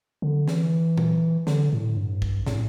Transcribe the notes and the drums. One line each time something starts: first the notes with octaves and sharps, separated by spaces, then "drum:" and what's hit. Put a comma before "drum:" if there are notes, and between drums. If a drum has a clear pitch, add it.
D3
E3, drum: snare
drum: tom
D3, drum: snare
A2
G2
drum: kick
A2, drum: snare